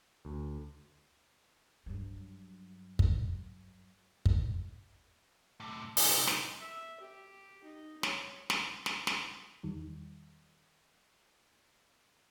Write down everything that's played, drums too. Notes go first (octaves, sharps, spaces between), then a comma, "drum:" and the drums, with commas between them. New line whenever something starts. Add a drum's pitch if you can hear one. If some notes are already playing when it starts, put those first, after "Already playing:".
D2
G2 F#3
drum: kick
drum: kick
A2 C3
F#2 C3 D#4, drum: open hi-hat
drum: snare
E5
G4
D#4
C#5, drum: snare
drum: snare
drum: snare
drum: snare
E2 D#3 G3